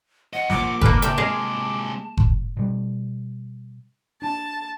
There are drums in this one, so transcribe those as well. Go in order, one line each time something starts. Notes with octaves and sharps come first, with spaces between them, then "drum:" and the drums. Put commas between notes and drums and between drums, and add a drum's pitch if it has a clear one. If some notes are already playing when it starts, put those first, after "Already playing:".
E2 D#5 F#5
F3 A#3 D6, drum: snare
D#3 A#3 A4 B4 F6, drum: kick F#1
C#2 E5 G5 A5, drum: hi-hat
C3 G#3 G#4 D#5 F5
drum: kick F#1
B2 G3
D4 A5